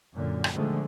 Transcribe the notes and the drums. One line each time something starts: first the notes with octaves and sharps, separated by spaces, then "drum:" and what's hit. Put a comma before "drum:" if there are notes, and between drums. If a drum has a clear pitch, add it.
F#2 A#2 D3
drum: rim click
A#2 D3 D#3 F3 G#3 A3